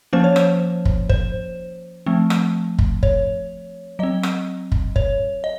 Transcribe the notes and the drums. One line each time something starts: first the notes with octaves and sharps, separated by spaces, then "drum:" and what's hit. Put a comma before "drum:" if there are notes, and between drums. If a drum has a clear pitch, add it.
F3 A#3 C#4 C5
C#5
C5, drum: rim click
drum: kick
C5, drum: kick
F3 A3 C4
drum: rim click
drum: kick
C#5, drum: kick
F#3 C4 D#5
drum: rim click
drum: kick
C#5, drum: kick
D#5